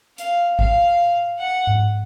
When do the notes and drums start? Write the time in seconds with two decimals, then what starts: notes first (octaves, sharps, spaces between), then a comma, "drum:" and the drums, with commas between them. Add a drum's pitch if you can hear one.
0.18 F5, drum: hi-hat
0.59 F5, drum: kick
1.39 F#5
1.67 drum: tom G#2